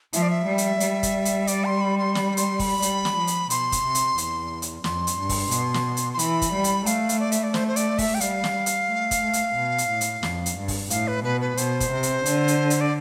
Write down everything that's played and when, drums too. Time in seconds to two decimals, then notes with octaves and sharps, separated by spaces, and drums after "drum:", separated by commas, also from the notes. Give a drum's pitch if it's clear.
0.13 F3 E5, drum: hi-hat
0.22 D5
0.30 E5
0.46 G3
0.58 drum: hi-hat
0.80 G3, drum: hi-hat
1.03 drum: kick, hi-hat
1.25 drum: hi-hat
1.47 D5, drum: hi-hat
1.65 C6
1.81 B5
1.98 C6
2.15 B5, drum: snare
2.37 C6, drum: hi-hat
2.59 B5, drum: kick, open hi-hat
2.82 G3, drum: hi-hat
3.05 drum: snare
3.17 F3
3.27 drum: hi-hat
3.50 B2 C6, drum: hi-hat
3.72 drum: kick, hi-hat
3.83 C3
3.95 drum: hi-hat
4.18 E2, drum: hi-hat
4.62 drum: hi-hat
4.84 F2 C6, drum: snare
5.07 drum: hi-hat
5.18 G2
5.29 drum: kick, open hi-hat
5.51 B2, drum: hi-hat
5.74 drum: snare
5.97 drum: hi-hat
6.13 C6
6.19 E3 B5, drum: hi-hat
6.42 drum: kick, hi-hat
6.53 G3
6.64 drum: hi-hat
6.86 A3 F5, drum: hi-hat
7.09 drum: hi-hat
7.20 D5
7.32 E5, drum: hi-hat
7.43 D5
7.54 A3 C5, drum: snare
7.68 C5
7.76 D5, drum: hi-hat
7.98 E5, drum: kick, open hi-hat
8.15 G5
8.21 G3 F5, drum: hi-hat
8.44 drum: snare
8.66 drum: hi-hat
8.88 A3
9.11 drum: kick, hi-hat
9.23 A3
9.33 drum: hi-hat
9.56 B2
9.78 drum: hi-hat
9.90 A2
10.01 drum: hi-hat
10.23 F2, drum: snare
10.46 drum: hi-hat
10.58 G2
10.68 drum: kick, open hi-hat
10.90 A2 F5, drum: hi-hat
11.08 B4
11.24 B2 B4
11.41 B4
11.57 B2 C5, drum: hi-hat
11.80 drum: kick, hi-hat
11.91 C3
12.03 drum: hi-hat
12.26 D3, drum: hi-hat
12.48 drum: hi-hat
12.70 drum: hi-hat
12.81 D5